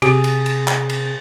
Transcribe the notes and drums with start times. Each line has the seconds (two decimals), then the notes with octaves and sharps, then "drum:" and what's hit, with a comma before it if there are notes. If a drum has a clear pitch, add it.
0.02 C3 G4 G#4, drum: cymbal
0.24 drum: cymbal
0.46 drum: cymbal
0.68 drum: clap
0.89 drum: cymbal